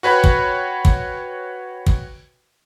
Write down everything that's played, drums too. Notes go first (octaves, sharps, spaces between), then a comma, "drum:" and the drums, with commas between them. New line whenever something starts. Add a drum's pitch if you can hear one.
F#4 B4 C#5 G5 B5
drum: kick
drum: kick
drum: kick